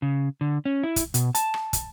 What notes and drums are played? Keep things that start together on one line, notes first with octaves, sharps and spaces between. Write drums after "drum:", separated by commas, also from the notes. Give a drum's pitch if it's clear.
C#3
D3
C#4
E4
drum: kick, hi-hat
B2, drum: hi-hat
A5, drum: hi-hat
drum: rim click
drum: kick, hi-hat